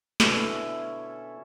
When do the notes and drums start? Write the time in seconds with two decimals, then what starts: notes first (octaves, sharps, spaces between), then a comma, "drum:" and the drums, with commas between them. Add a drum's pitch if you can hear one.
0.20 B2 D3 C#4 E4 A4 E5, drum: snare